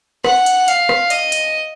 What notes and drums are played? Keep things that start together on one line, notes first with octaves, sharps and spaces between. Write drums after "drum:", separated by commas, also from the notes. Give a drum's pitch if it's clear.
F#5, drum: rim click
drum: hi-hat
F5, drum: hi-hat
drum: rim click
D#5, drum: hi-hat
drum: hi-hat